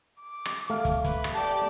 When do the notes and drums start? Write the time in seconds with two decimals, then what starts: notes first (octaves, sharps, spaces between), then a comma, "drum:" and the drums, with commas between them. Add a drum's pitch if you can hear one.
0.21 D6
0.45 drum: rim click
0.70 A3 F5
0.85 drum: kick, hi-hat
1.05 B4, drum: kick, hi-hat
1.24 drum: rim click
1.34 G4 D5 A5